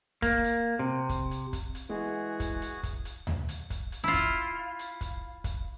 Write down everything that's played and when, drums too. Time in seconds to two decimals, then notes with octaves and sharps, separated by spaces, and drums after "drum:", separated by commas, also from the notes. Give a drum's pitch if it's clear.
0.22 A#3, drum: kick, hi-hat
0.44 drum: hi-hat
0.79 C3
1.09 drum: kick, hi-hat
1.31 drum: hi-hat
1.53 drum: kick, hi-hat
1.75 drum: hi-hat
1.89 E3 G#3 F#4 G#4 F#5
2.40 drum: kick, hi-hat
2.62 drum: hi-hat
2.83 drum: kick, hi-hat
3.05 drum: hi-hat
3.27 drum: tom D2
3.49 drum: hi-hat
3.70 drum: kick, hi-hat
3.92 drum: hi-hat
4.04 E4 F4
4.14 drum: kick, hi-hat
4.79 drum: hi-hat
5.01 drum: kick, hi-hat
5.44 drum: kick, hi-hat